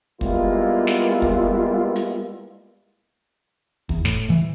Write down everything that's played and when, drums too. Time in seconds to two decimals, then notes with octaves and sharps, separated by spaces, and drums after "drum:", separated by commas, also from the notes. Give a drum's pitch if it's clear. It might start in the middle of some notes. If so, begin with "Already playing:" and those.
0.21 G3 G#3 A#3 B3 E4 F4, drum: kick
0.87 drum: snare
1.22 drum: kick
1.96 drum: hi-hat
3.89 E2, drum: kick
4.05 A2, drum: snare
4.30 E3